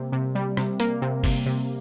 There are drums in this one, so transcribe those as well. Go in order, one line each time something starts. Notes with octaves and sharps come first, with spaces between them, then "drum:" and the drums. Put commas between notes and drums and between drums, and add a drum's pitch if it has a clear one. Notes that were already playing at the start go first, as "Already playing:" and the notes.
Already playing: C3 G3 A#3
C3
G3
C3, drum: rim click
A#3, drum: hi-hat
C3
C3, drum: kick, open hi-hat
C3